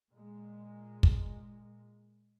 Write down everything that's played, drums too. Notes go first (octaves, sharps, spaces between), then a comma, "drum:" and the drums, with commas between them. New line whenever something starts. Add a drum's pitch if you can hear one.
A#2 G#3
drum: kick